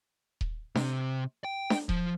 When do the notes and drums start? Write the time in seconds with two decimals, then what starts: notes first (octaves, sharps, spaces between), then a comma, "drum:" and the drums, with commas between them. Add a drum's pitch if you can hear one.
0.41 drum: kick D#1
0.75 C3, drum: snare D4
1.45 G5
1.70 drum: snare D4
1.89 F3, drum: kick D#1